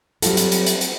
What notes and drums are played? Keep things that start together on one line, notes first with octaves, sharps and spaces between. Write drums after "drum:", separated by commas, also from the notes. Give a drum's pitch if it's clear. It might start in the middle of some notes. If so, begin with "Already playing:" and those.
F#3 G3 C4 F4 A4, drum: hi-hat
drum: hi-hat
drum: hi-hat
drum: hi-hat
drum: hi-hat